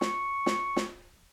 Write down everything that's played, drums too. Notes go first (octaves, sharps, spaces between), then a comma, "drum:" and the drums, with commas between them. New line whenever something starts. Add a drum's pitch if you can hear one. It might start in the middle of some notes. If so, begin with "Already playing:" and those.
C#6, drum: snare
drum: snare
drum: snare